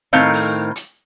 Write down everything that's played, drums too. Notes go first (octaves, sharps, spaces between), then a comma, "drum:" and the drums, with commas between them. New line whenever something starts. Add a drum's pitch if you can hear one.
A2 D#3 A3 C4 F5 A#5
drum: open hi-hat
drum: hi-hat